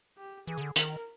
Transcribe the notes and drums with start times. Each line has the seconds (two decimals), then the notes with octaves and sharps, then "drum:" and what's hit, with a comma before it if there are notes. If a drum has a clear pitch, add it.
0.18 G4
0.47 E3 G#4
0.58 C#3
0.61 D3
0.76 D#3 A#4, drum: hi-hat